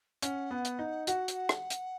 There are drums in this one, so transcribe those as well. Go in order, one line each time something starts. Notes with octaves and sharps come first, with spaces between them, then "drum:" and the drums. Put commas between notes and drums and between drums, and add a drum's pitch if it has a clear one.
C#4 F#5, drum: hi-hat
B3
drum: hi-hat
D#4
F#4 F#5, drum: hi-hat
drum: hi-hat
drum: rim click
drum: hi-hat